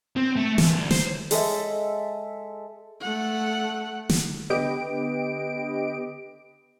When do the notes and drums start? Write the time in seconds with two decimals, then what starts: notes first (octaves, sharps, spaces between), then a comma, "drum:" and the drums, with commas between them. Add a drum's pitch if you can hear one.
0.16 C4
0.36 A3
0.58 E3 F3, drum: snare
0.75 D2
0.91 C5, drum: snare
1.31 G#3 A4 E5, drum: open hi-hat
3.01 A3 F#5
4.09 drum: snare
4.50 D3 B3 G4 B4 D#5 D7